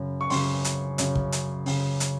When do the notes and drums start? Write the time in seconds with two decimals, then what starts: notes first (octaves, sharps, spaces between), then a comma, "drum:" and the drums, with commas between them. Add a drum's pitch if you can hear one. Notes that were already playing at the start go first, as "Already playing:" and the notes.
Already playing: F#2 C#3
0.21 C#6
0.30 F#2 C#3 C6, drum: open hi-hat
0.65 drum: hi-hat
0.98 F#2 C#3, drum: hi-hat
1.15 drum: kick
1.32 drum: hi-hat
1.66 C#3, drum: open hi-hat
2.00 drum: hi-hat